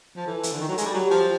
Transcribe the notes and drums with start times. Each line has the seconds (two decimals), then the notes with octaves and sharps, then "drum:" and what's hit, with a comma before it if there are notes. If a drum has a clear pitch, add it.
0.16 F3
0.27 E3 A4
0.43 drum: hi-hat
0.53 D3
0.60 D#3
0.69 F#3
0.78 G#3, drum: hi-hat
0.85 G3
0.94 F#3 G4
1.11 F3